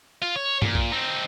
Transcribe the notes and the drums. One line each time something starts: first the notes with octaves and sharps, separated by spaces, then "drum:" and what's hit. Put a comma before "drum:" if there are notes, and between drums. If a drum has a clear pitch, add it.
F4
C#5
A#2, drum: tom G2
drum: kick A#1
C4 D#4